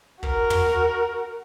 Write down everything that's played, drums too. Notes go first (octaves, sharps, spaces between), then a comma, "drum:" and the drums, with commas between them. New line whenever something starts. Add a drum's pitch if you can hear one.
F#4 A#4, drum: kick
drum: tom